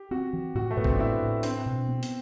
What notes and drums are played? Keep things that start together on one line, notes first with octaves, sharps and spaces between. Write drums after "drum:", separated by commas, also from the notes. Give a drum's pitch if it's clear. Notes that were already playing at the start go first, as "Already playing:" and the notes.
Already playing: G4
C4 F#4
E3
A2 F#4
A3
A2 B3
C4, drum: kick G#1
D4
A2 E4
A2
C4 D4, drum: hi-hat
B2
B3
drum: hi-hat